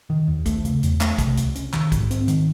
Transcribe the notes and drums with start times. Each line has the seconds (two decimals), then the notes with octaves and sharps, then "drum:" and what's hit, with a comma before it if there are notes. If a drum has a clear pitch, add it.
0.10 D#3
0.28 D#2
0.46 A3, drum: kick, hi-hat
0.65 C#3, drum: hi-hat
0.83 E2, drum: hi-hat
1.01 A3, drum: clap
1.18 C3, drum: kick, hi-hat
1.37 C#2, drum: hi-hat
1.55 C#4, drum: hi-hat
1.73 D#3, drum: clap
1.92 G#2, drum: kick, hi-hat
2.11 C4, drum: hi-hat
2.28 D#3, drum: hi-hat